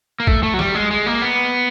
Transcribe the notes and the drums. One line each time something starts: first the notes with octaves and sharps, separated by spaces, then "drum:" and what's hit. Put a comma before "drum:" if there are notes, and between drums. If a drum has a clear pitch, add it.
A#3
A3, drum: kick
A3
F#3
G3, drum: snare
G#3
G#3
A#3
B3